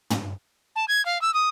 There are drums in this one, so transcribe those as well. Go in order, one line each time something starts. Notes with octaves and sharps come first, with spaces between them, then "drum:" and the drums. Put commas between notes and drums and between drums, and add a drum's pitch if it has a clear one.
drum: tom
A5
G#6
F5
E6
D#6